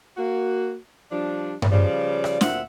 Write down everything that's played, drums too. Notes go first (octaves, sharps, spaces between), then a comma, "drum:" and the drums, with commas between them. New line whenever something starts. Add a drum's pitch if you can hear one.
A#3 F#4
F3 G3 D4
drum: tom G2
C#3 F3 G3 D5
drum: rim click
D2 A#2 C4 E5 F#5, drum: snare